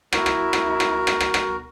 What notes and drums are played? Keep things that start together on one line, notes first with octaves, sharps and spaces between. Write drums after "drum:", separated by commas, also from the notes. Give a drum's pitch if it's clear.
E4 F#4 A#4, drum: rim click
drum: rim click
drum: rim click
drum: rim click
drum: rim click
drum: rim click
drum: rim click